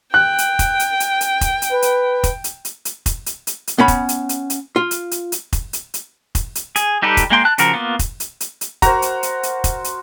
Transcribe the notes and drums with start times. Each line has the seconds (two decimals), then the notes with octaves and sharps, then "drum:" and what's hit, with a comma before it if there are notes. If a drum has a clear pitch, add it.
0.14 G5 F#6
0.38 drum: hi-hat
0.59 drum: kick F1, hi-hat
0.80 drum: hi-hat
1.00 drum: hi-hat
1.21 drum: hi-hat
1.41 drum: kick F1, hi-hat
1.62 drum: hi-hat
1.72 B4
1.82 drum: hi-hat
2.24 drum: kick F1, hi-hat
2.44 drum: hi-hat
2.65 drum: hi-hat
2.85 drum: hi-hat
3.06 drum: kick F1, hi-hat
3.26 drum: hi-hat
3.47 drum: hi-hat
3.67 drum: hi-hat
3.78 B3 C#4 B5
3.88 drum: kick F1, hi-hat
4.09 drum: hi-hat
4.29 drum: hi-hat
4.50 drum: hi-hat
4.76 F4
4.91 drum: hi-hat
5.11 drum: hi-hat
5.32 drum: hi-hat
5.53 drum: kick F1, hi-hat
5.73 drum: hi-hat
5.94 drum: hi-hat
6.35 drum: kick F1, hi-hat
6.55 drum: hi-hat
6.76 G#4, drum: hi-hat
7.02 G3 D#4 G4 A4 B4
7.17 drum: kick F1, hi-hat
7.30 G#3 A#3 G5 C6
7.45 A5 F#6
7.58 C#3 F3 F#4 A#4, drum: hi-hat
7.73 A#3 B3 F4
7.99 drum: kick F1, hi-hat
8.20 drum: hi-hat
8.40 drum: hi-hat
8.61 drum: hi-hat
8.82 F#4 A#4 C5 A#5, drum: kick F1, hi-hat
9.02 drum: hi-hat
9.23 drum: hi-hat
9.43 drum: hi-hat
9.64 drum: kick F1, hi-hat
9.84 drum: hi-hat